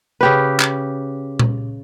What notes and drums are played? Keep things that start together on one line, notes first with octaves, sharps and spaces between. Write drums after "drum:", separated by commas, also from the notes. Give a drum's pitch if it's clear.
C#3 G4 B4
drum: clap
drum: tom A#2